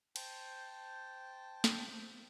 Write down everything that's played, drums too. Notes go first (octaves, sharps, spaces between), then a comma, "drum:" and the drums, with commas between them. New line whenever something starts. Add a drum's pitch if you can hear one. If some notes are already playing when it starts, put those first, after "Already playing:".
C5 G5 A5, drum: cymbal
drum: snare